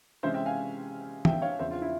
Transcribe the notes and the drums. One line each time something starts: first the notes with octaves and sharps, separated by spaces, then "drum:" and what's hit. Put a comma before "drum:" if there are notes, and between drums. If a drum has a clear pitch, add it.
C3 E3 G#3 C#4 C5 E5
E5 G5
F5 G#5
E5 G5, drum: tom
C#5 F5
E2 C#3 F3 C4 C5 E5
F4
E4